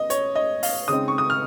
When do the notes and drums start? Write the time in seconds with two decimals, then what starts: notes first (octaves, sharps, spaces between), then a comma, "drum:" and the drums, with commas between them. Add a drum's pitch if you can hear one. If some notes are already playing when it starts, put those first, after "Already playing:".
Already playing: D#5
0.10 C#5, drum: hi-hat
0.35 D#5
0.63 F5, drum: open hi-hat
0.88 C#3 G#3 C4 D#4 D#6
1.08 C#6
1.18 D#6
1.30 F6